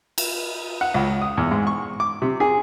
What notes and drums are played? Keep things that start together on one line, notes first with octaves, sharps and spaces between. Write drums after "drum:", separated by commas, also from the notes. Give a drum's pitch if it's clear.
drum: cymbal
F#5
C#2
D#6
E2
G#2
C#6
D6
C3
G#4